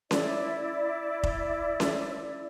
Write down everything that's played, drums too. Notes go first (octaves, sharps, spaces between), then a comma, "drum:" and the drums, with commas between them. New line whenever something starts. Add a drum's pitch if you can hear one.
E4 D5, drum: snare C#4
drum: kick F1
drum: snare C#4